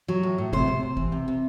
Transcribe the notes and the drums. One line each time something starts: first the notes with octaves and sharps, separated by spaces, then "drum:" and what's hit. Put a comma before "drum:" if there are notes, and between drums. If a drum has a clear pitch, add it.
F#3
A2
A2
C3 C5, drum: kick
C3
C3
E3, drum: kick
C3
C3